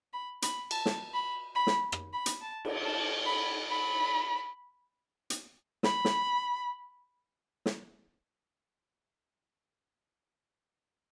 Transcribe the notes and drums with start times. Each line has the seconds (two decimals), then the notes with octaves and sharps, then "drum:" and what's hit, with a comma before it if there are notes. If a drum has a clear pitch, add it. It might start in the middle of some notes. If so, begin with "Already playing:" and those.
0.13 B5
0.42 B5, drum: hi-hat
0.71 A5, drum: cymbal
0.86 drum: snare
1.14 B5
1.55 B5
1.67 drum: snare
1.92 drum: rim click
2.13 B5
2.26 drum: hi-hat
2.41 A5
2.65 drum: cymbal
2.84 A5
3.26 B5
3.69 B5
5.30 drum: hi-hat
5.83 B5, drum: snare
6.05 drum: snare
7.66 drum: snare